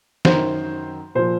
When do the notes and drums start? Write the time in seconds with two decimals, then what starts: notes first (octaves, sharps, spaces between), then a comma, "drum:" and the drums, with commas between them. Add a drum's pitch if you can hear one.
0.25 F#2 D#3 C5, drum: snare
1.15 A#2 F3 C5